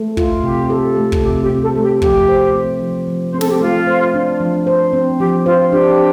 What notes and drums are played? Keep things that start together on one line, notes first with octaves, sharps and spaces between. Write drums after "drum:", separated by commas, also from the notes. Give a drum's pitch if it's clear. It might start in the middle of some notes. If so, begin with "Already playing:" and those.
Already playing: A3
F4, drum: kick
C3 G4
A4
A3
drum: kick
C3 G4
G4
C3
A4
A3
G4
F3 G4, drum: kick
C5
C4
F3
F3
C4 C5
A4, drum: snare
G4
A3 F4
C5
D4
F3
C5
C4
F3 G4
F4 C5
D4 G4